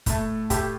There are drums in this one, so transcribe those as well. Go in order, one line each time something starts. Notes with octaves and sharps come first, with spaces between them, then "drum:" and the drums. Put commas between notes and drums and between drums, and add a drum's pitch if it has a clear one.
A2 A3, drum: kick, hi-hat
A2 A3 G4, drum: kick, hi-hat